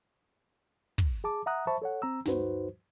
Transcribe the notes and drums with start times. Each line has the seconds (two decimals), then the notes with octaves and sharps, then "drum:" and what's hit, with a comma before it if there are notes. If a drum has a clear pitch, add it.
0.98 drum: kick
1.24 G#4 A5 D6
1.46 E5 F#5 A#5 D#6 F#6
1.67 C5 E5 A5 B5 C#6
1.82 A4 C#5 F#5
2.02 C4 A#5 E6
2.25 D2 G2 D#4 F#4 B4 C5, drum: snare